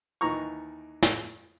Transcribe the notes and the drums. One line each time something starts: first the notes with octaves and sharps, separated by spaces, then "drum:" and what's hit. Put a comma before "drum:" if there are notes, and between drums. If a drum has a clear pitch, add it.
D#2 D#3 E3 A#5 C#6
drum: snare